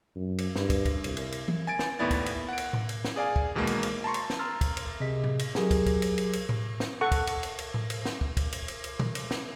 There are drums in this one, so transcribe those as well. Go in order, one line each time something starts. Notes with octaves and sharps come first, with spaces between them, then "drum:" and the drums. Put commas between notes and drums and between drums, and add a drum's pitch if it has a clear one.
F#2
drum: cymbal
G2, drum: snare
drum: kick, cymbal
drum: kick, cymbal
C2, drum: cymbal
drum: cymbal
drum: cymbal
drum: tom E3
G#5 A6 D7
drum: snare
D#2 A2 B3 E4 D5 A6
drum: kick, cymbal
drum: cymbal
F#5 D7
drum: cymbal
drum: tom A2
drum: cymbal
drum: snare
G#4 D5 F5 G#5
drum: kick
E2 B2 D#3 G#3 A#3
drum: cymbal
drum: cymbal
A5 A#5 C6 C#6
drum: cymbal
drum: snare
A#5 C6 E6 F6 A6
drum: kick, cymbal
drum: cymbal
C3 G#4 D#5 B6
drum: tom A2
drum: cymbal
F#3 G4 G#4 A#4, drum: snare
drum: kick, cymbal
drum: kick, cymbal
drum: cymbal
drum: cymbal
drum: cymbal
drum: tom A2
drum: snare
A4 F#5 C#6
drum: kick, cymbal
drum: cymbal
drum: cymbal
drum: cymbal
drum: tom A2
drum: cymbal
drum: snare
drum: kick
drum: kick, cymbal
drum: cymbal
drum: cymbal
drum: cymbal
drum: tom A#2
drum: cymbal
drum: snare